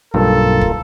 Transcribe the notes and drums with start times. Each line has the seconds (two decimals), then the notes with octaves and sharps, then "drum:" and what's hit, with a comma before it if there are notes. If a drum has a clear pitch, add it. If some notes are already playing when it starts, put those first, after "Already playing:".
0.14 B1 G2 A#3 F4 A4 A#4
0.61 drum: kick